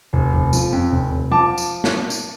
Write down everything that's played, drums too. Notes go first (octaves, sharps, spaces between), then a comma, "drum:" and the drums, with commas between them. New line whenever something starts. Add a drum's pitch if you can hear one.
F1
F1
F3, drum: tambourine
F2
F1
F1
F3 A5 D6
drum: tambourine
drum: snare
drum: tambourine